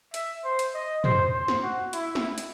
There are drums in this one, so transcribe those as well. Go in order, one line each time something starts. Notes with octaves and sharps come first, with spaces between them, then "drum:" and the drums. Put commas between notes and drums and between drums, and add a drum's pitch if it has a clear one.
E5, drum: hi-hat
C5
drum: hi-hat
D#5
C5, drum: tom
C5
drum: snare
F#4
E4, drum: hi-hat
drum: snare
drum: hi-hat